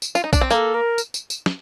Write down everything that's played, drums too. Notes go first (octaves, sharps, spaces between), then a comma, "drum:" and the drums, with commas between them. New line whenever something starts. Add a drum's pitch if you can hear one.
drum: tambourine
F4, drum: tambourine
D#4
D4, drum: kick A#1, tambourine
C4
A#3 A4 A#4, drum: tambourine
A#4
drum: tambourine
drum: tambourine
drum: tambourine
drum: snare